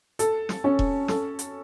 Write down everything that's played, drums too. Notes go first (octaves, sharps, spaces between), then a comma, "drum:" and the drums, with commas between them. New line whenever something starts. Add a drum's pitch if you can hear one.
A4, drum: hi-hat
drum: snare
C#4
drum: kick E1
A4, drum: snare
drum: hi-hat